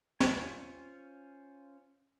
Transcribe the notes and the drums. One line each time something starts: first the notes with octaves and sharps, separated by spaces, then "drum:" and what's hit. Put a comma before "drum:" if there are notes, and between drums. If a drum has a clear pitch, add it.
C#4 F4 C5 G#5, drum: snare